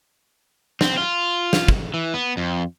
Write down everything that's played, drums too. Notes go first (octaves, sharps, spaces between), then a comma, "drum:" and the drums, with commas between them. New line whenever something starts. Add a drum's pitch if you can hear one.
C4, drum: snare
F4
drum: snare
drum: kick
E3
B3
F2